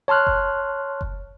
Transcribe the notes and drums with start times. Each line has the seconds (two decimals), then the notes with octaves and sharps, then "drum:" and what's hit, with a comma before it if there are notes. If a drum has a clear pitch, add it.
0.08 C#5 A5 C6 F6 F#6
0.27 drum: kick F#1
1.01 drum: kick F#1